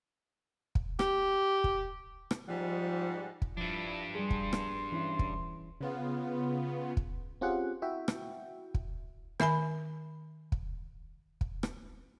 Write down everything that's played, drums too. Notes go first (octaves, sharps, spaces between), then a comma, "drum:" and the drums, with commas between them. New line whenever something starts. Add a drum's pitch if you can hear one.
drum: kick
G4, drum: rim click
drum: kick
drum: rim click
G#2 F3 G3 F#5
drum: kick
G2 F3 D4 E4
G3 G#4 C6
drum: kick
drum: rim click
E3 C#4 E4
drum: kick
C#3 B3 F4
drum: kick
C4 C#4 F4 G4 G#4 F#5
E4 F#4 E5 G5
drum: rim click
drum: kick
D#3 E5 G#5 B5, drum: rim click
drum: kick
drum: kick
drum: rim click